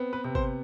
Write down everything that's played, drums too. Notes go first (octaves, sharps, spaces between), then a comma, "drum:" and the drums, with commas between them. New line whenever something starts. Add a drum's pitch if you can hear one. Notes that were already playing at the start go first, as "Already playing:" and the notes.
Already playing: B3 C4
B4
C3
C5, drum: kick